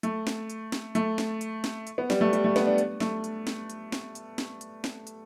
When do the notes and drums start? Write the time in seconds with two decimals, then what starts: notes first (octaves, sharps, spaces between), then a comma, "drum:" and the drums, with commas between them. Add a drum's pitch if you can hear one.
0.03 A3, drum: hi-hat
0.27 drum: snare
0.50 drum: hi-hat
0.72 drum: snare
0.95 A3, drum: hi-hat
1.18 drum: snare
1.41 drum: hi-hat
1.64 drum: snare
1.87 drum: hi-hat
1.98 B3
2.10 G3, drum: snare
2.21 A3
2.33 G3, drum: hi-hat
2.44 A3
2.56 B3, drum: snare
2.67 D4
2.78 drum: hi-hat
3.00 A3, drum: snare
3.24 drum: hi-hat
3.47 drum: snare
3.70 drum: hi-hat
3.92 drum: snare
4.15 drum: hi-hat
4.38 drum: snare
4.61 drum: hi-hat
4.84 drum: snare
5.07 drum: hi-hat